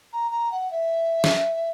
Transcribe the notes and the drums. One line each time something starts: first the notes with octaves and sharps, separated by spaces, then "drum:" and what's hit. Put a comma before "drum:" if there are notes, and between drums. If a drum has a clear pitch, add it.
A#5
A#5
F#5
E5
drum: snare